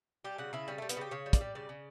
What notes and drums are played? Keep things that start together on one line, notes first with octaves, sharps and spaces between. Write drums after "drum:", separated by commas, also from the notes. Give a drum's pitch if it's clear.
G3 G4
C#3 F#4
C#3 E4
G3 C#4
G3 A3
B3, drum: hi-hat
C#3 G4
C#3 C#5
G3
D5, drum: kick, hi-hat
G3
C#3 D5
C#3